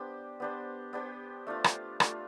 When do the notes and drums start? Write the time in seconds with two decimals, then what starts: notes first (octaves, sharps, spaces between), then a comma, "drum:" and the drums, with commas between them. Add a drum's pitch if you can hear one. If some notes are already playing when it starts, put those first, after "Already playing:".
Already playing: B3 D4 G4 C5
0.40 B3 D4 G4 C5
0.93 B3 D4 G4 C5
1.47 A3 D4 F4
1.64 drum: rim click
2.00 A3 D4 F4, drum: rim click